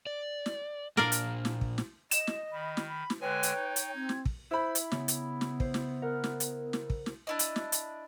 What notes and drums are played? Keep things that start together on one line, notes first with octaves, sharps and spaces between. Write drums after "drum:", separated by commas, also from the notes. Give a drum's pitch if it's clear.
D5
drum: snare
A#2 D4 A#4 D5 F5, drum: snare
drum: hi-hat
drum: snare
drum: kick
drum: snare
D#5 E7, drum: hi-hat
drum: snare
D#3 B5
drum: snare
B5
drum: snare
D3 G#3 B4 C#5 G5 G#5
drum: hi-hat
D#4
drum: hi-hat
C4 G#6
drum: snare
drum: kick
E4 C5 B5
drum: hi-hat
C#3 B3, drum: snare
drum: hi-hat
drum: snare
C5, drum: kick
drum: snare
A#4 F#5 F6
drum: snare
drum: hi-hat
drum: snare
drum: kick
drum: snare
D4 E4 D#5
drum: hi-hat
drum: snare
drum: hi-hat